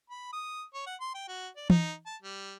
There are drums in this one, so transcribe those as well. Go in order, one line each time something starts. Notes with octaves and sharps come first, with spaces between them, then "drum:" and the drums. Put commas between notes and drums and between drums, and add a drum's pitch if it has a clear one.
B5
D#6
C#5
F#5
C6
G5
F#4
D5
D#4, drum: tom E3
A5
G3